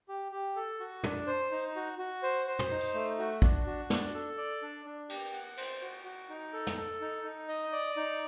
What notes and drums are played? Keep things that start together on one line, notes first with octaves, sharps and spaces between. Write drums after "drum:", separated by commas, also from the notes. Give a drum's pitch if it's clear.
G4
G4
A4
F#4
D4, drum: tom
C5
D#4
F#4
F#4
C5
C5
drum: tom
D#4
drum: tambourine
A3
F#4
D4, drum: kick
F#4
D4, drum: snare
A4
D5
D4
D4
G4, drum: cymbal
F#5
C5, drum: cymbal
F#4
F#4
D#4
A4
drum: snare
A4
D#4
D#4
D#5
D5
D#4